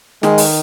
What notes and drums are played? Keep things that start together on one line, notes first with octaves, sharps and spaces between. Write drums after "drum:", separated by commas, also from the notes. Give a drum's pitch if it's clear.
D#3 G#3, drum: snare
drum: open hi-hat